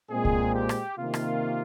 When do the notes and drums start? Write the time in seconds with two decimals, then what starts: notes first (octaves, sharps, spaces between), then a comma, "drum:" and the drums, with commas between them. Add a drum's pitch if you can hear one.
0.10 A#2 G#3 C4 G#4
0.25 drum: kick C2
0.55 G4
0.69 drum: rim click
0.99 C3 D#3 A#3 F4
1.14 drum: rim click